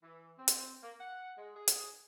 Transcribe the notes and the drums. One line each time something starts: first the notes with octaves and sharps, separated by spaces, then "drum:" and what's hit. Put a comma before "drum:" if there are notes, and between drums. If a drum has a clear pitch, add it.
E3
C4
drum: hi-hat
A#3
F#5
G#3
G#4
drum: hi-hat